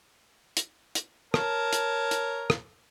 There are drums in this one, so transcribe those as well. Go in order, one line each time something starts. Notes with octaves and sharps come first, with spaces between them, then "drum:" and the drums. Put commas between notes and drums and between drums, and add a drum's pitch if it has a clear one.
drum: hi-hat
drum: hi-hat
A#4 C#5 A5, drum: rim click
drum: hi-hat
drum: hi-hat
drum: rim click